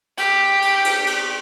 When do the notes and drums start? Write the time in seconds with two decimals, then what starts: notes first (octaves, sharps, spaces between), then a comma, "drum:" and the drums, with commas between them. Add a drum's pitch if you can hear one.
0.18 G4, drum: cymbal
0.62 drum: cymbal
0.84 drum: cymbal
1.07 drum: cymbal